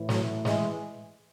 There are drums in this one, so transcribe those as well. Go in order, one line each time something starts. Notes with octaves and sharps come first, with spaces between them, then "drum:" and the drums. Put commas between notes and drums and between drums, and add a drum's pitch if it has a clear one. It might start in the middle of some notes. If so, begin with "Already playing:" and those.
Already playing: A2 E3
F#3 A3, drum: snare
E3 G#3, drum: snare